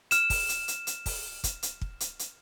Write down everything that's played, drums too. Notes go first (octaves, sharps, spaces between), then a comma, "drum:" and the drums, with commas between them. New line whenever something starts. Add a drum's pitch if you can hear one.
F6 E7, drum: hi-hat
drum: kick, open hi-hat
drum: hi-hat
drum: hi-hat
drum: hi-hat
drum: kick, open hi-hat
drum: kick, hi-hat
drum: hi-hat
drum: kick
drum: hi-hat
drum: hi-hat